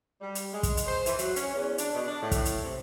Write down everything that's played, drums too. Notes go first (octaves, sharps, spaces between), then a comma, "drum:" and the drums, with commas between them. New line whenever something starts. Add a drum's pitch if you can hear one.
G3
drum: hi-hat
G#3
drum: kick, hi-hat
drum: hi-hat
C5
E3, drum: hi-hat
F#3, drum: hi-hat
C#4, drum: hi-hat
E2
D4, drum: hi-hat
B2
D4
A2
drum: kick, hi-hat
drum: hi-hat
C3